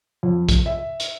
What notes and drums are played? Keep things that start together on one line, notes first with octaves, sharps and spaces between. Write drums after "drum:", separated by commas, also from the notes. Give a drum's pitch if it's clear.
F2
drum: kick, hi-hat
E5
drum: hi-hat